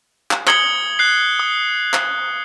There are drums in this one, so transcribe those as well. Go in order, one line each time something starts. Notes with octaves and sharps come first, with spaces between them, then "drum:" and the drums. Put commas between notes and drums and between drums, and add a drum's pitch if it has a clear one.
drum: clap
D#6 G#6 C#7 F#7 G7, drum: clap
F#6 C7
D#6
drum: clap